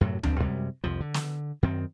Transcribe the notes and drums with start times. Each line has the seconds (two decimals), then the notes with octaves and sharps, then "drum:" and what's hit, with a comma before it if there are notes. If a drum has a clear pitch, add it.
0.01 F#2 A2 C3 F#3
0.23 F1 F3 C4 D4, drum: tom D2
0.40 F#2 C3 G3 G#3
0.84 C2 F2 F3
1.01 D3
1.14 drum: snare
1.63 F#2 D#3 C4